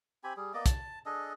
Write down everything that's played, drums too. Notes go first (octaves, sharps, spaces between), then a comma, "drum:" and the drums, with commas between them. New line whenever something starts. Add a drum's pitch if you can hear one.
C4 G4 G#5 B5
G3 G#4
A#3 B3 D5 D#5
A5, drum: kick, hi-hat
D4 G#4 A4 D#5